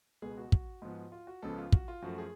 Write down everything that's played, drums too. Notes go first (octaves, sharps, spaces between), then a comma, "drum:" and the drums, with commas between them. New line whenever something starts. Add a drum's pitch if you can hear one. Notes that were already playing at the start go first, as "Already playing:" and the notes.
C#2 B2 G#3 B3 G#4
F#4
drum: kick
G#2 F3 B3
F4
F#4
C#2 C#3 F3 B3 A4
F4
F#4, drum: kick
F4
F#2 F3 A3 F#4
G#4